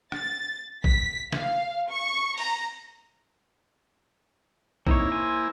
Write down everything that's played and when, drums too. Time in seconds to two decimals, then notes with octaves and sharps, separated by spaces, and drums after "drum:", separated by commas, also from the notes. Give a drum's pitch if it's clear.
0.12 A6, drum: rim click
0.84 B6, drum: kick A#1
1.32 F5, drum: snare
1.90 C#6
2.38 A#5, drum: open hi-hat
4.87 A#3 C4 D#4 E4 C#5, drum: kick A#1
5.12 C5 G#5